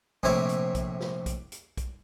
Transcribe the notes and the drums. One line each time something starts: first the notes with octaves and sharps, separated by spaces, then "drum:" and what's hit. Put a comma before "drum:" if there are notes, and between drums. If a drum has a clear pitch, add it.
A#1 A2 C3 E4 C#5 D6, drum: kick B1
drum: hi-hat
drum: kick B1, hi-hat
drum: snare
drum: kick B1, hi-hat
drum: hi-hat
drum: kick B1, hi-hat